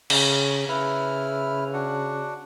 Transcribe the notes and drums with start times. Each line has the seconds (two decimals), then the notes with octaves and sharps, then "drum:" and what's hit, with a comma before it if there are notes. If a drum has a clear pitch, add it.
0.10 C#3, drum: cymbal
0.69 C#3 E4 B4 F6
1.73 D4 F#4 F#5